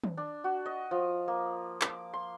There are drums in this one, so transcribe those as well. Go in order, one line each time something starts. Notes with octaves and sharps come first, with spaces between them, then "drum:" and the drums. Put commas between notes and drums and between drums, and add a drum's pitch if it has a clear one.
drum: tom
D4
F#4
D#5
F3
A#3
D6, drum: clap
C6